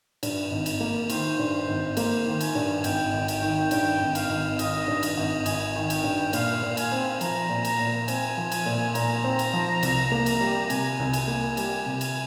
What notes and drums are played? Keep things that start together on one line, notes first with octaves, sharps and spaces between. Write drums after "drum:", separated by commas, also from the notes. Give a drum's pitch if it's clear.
G2, drum: cymbal
G#1
drum: cymbal
A#3
D#3 C5, drum: cymbal
G2
C5
G#1
A#3 C5, drum: cymbal
D#3
G#5, drum: cymbal
G2
G#1 G5, drum: cymbal
G#1
G5, drum: cymbal
D#3
G2 G5, drum: cymbal
G#1
F5, drum: cymbal
G#1
D#3 D#5, drum: cymbal
G2
D#5, drum: cymbal
G#1
G#1 G#5, drum: cymbal
D#3
G5, drum: cymbal
G2
A#2 F5, drum: cymbal
A#2
G#5, drum: cymbal
C4
F3 A#5, drum: cymbal
A#2
A#5, drum: cymbal
A#2
C4 G#5, drum: cymbal
F3
drum: cymbal
A#2
A#2 A#5, drum: cymbal
C4
drum: cymbal
F3
C2, drum: cymbal
A#3
drum: cymbal
G3
C3 G#5, drum: cymbal
C2
G#5, drum: cymbal
A#3
G3 G#5, drum: cymbal
C3
drum: cymbal